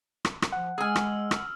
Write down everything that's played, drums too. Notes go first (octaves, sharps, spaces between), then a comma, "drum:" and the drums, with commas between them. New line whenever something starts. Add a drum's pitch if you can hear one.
drum: rim click
drum: rim click
F3 F#5
G#3 G#4 G#5 E6 F6
drum: rim click
drum: rim click